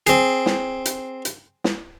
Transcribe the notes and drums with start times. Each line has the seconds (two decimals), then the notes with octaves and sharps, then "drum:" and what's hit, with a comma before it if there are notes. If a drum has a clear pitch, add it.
0.07 C4 G#4, drum: hi-hat
0.46 drum: snare
0.85 drum: hi-hat
1.25 drum: hi-hat
1.64 drum: snare